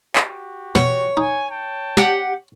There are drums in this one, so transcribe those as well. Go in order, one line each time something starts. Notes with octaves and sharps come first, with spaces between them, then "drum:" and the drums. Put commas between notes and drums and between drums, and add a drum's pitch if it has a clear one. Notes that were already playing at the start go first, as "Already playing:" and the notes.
F#4 G4, drum: clap
B2 C#5, drum: snare
D#4 G#5
G5 A5
G4 F#5, drum: snare